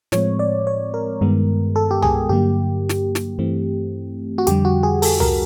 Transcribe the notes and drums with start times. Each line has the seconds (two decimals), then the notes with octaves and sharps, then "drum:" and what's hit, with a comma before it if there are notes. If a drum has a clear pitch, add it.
0.12 A2 F3 G#3 C4 C#5, drum: snare
0.39 D5
0.67 C#5
0.94 A#4
1.21 G2 D#3 G#3 B3
1.76 A4
1.91 G4
2.02 G#4, drum: tom C2
2.29 G2 D3 F#3 A#3 G4
2.89 drum: snare
3.15 drum: snare
3.39 G2 E3 A3 C4
4.38 F#4
4.47 F2 D3 G3 G4, drum: hi-hat
4.65 F#4
4.83 G#4
5.02 A4, drum: open hi-hat
5.20 A#4, drum: tom C2